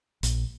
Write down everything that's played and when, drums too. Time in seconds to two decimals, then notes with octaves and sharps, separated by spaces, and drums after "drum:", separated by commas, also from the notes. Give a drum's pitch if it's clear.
0.23 A#1, drum: hi-hat